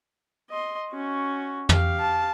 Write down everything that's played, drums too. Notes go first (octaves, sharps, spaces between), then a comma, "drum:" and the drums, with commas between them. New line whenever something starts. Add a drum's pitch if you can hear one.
D#5 C6
C#4 F#4
G4 F5, drum: tom
A5